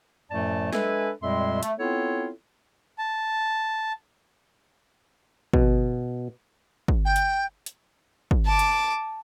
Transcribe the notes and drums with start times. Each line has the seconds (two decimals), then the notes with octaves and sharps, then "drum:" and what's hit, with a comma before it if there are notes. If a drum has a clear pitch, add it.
0.31 F#2 A2 F3 A3 D5 A5
0.72 G#3 D4 A4 B4 E5 G#5, drum: snare
1.23 F2 A#2 G3 G#3 E5 C6
1.63 A3, drum: hi-hat
1.79 B3 C4 E4 F4 A4 C#5
2.98 A5
5.53 B2, drum: kick
6.88 drum: kick
7.05 G5
7.16 drum: hi-hat
7.66 drum: hi-hat
8.31 drum: kick
8.46 A5 D6
8.59 drum: hi-hat